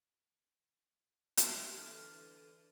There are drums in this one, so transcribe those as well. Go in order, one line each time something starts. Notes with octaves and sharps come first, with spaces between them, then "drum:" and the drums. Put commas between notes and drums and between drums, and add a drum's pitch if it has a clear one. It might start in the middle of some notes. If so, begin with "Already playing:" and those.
drum: hi-hat
D3 E3 A4 F6